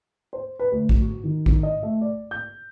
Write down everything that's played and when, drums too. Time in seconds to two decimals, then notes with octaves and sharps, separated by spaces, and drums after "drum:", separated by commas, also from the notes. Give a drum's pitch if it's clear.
0.33 C5
0.59 B4
0.72 D2
0.89 drum: kick
1.00 F#4
1.24 D#3
1.46 D#3, drum: kick
1.63 D#5
1.83 A3
2.01 D5
2.31 G6